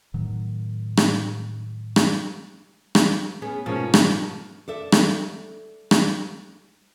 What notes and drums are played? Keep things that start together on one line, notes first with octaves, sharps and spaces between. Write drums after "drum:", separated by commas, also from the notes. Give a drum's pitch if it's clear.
A2 D#3 F#3
drum: rim click
drum: rim click
drum: rim click
B3 C#4 G#4
G#2 B2 F3 A#3 C#4
drum: rim click
A4 D5 E5
drum: rim click
drum: rim click